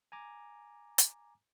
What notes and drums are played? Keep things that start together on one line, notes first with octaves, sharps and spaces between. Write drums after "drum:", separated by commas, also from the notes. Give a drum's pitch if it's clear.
G#5 A#5 D6
drum: hi-hat